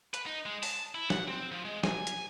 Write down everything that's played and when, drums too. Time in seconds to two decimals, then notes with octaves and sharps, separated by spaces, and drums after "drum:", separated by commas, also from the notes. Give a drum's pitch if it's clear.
0.14 B4, drum: hi-hat
0.26 D#4
0.46 G#3
0.63 A5, drum: open hi-hat
0.95 E4
1.10 F#5, drum: snare
1.28 C4
1.52 F3
1.65 G#3
1.84 G#5, drum: snare
2.07 drum: hi-hat